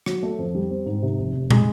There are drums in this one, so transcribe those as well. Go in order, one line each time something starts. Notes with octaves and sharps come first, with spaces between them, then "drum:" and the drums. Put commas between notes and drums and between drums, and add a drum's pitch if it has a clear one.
F#3, drum: rim click
A3
F2
G3
C4
G#2
C3
F1
F1
G#3, drum: tom